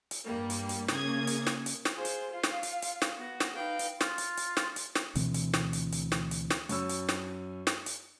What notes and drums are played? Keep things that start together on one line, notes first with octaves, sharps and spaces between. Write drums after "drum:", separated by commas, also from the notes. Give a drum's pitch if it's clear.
drum: hi-hat
G2 G3 A#3
drum: hi-hat
drum: hi-hat
C#3 A#3 D#6 G#6, drum: snare
drum: hi-hat
drum: snare
drum: hi-hat
drum: snare
F4 G#4 C5
drum: hi-hat
F4 F5
drum: snare
drum: hi-hat
drum: hi-hat
drum: snare
B3 F#4
drum: snare
D#4 B4 F5 G5
drum: hi-hat
F4, drum: snare
drum: hi-hat
drum: hi-hat
drum: snare
drum: hi-hat
drum: snare
D2 B2 E3 C4, drum: hi-hat
drum: hi-hat
drum: snare
drum: hi-hat
drum: hi-hat
drum: snare
drum: hi-hat
drum: snare
F#2 C#4 C#6 E6, drum: hi-hat
drum: hi-hat
drum: snare
drum: snare
drum: hi-hat